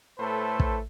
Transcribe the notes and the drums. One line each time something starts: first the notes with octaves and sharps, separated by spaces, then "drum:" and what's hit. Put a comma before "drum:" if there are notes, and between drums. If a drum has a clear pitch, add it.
A2 A3 A4 B4 C5
drum: kick